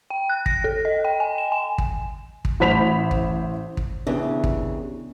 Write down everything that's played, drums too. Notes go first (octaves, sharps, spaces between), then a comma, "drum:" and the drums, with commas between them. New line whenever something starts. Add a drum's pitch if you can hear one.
G5
F#6
A#6, drum: kick
A4
D#5
G5
G#5
E7
G#5
drum: kick
drum: kick
A1 A3 C5 B5 B6 F7
drum: kick
drum: kick
D#2 C#3 E3 B3 D4
drum: kick